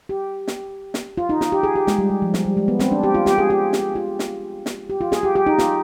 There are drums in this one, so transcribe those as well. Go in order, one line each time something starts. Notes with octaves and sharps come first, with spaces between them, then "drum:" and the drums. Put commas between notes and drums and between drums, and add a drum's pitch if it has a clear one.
G4
drum: snare
drum: snare
F4
D#4
F4, drum: snare
G4
G#4
G4
G#3, drum: snare
G3
G3
F3
G3, drum: snare
G3
G#3
B3
C4, drum: snare
D4
G4
F4
G4, drum: snare
G#4
G4
drum: snare
F4
drum: snare
drum: snare
G4
F4
G#4, drum: snare
G4
G4
D#4
F4, drum: snare